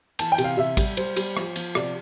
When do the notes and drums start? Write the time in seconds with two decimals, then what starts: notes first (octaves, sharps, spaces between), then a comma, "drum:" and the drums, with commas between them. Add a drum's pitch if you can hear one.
0.19 E3 A5, drum: cymbal
0.32 G5
0.38 C3, drum: cymbal
0.44 F5
0.57 C3 E5
0.77 G3, drum: kick, cymbal
0.97 G3 C5, drum: cymbal
1.16 G3, drum: cymbal
1.37 F3, drum: rim click
1.56 F3, drum: cymbal
1.75 C3 D5, drum: rim click